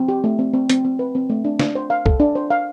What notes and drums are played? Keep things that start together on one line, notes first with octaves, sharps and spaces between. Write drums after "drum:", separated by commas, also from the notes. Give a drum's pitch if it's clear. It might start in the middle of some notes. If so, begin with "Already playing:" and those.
Already playing: C4
G4
A3
C4
C4
C4, drum: hi-hat
C4
B4
C4
A3
D4
D4, drum: snare
C5
F5
A4, drum: kick
D4
C5
F5